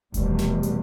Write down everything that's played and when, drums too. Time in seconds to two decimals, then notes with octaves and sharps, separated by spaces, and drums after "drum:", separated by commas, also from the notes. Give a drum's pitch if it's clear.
0.14 F1 E2 B2 G3, drum: kick D#1, hi-hat
0.39 drum: snare
0.63 drum: hi-hat